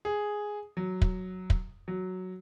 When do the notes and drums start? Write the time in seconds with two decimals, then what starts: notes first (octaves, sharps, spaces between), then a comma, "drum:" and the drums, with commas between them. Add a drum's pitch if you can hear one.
0.05 G#4
0.77 F#3
1.02 drum: kick
1.50 drum: kick
1.88 F#3